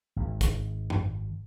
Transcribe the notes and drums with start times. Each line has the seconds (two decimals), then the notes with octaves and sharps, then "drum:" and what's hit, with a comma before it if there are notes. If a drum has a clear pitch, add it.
0.16 G#1
0.41 drum: kick, hi-hat
0.90 drum: tom F#2